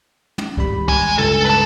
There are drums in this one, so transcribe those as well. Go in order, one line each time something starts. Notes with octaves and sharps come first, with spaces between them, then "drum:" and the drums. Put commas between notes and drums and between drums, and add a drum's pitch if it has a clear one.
drum: tom
G#1 G3 B5, drum: kick C#2
G#3 G#5, drum: kick C#2
C#2 G2 A4
B4 A5